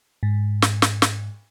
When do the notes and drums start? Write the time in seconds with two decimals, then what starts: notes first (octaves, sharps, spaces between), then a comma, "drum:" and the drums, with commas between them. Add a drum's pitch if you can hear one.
0.23 G#2
0.62 drum: snare
0.82 drum: snare
1.02 drum: snare